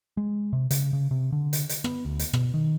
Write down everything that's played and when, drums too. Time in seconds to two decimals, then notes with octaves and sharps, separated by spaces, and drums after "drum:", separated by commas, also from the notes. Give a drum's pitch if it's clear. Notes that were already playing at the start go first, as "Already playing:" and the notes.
0.17 G#3
0.53 C3
0.71 C#3, drum: hi-hat
0.93 C#3
1.11 C3
1.32 D3
1.53 drum: hi-hat
1.69 drum: hi-hat
1.84 B3, drum: rim click
2.05 D2
2.19 drum: hi-hat
2.33 B2, drum: rim click
2.54 D#3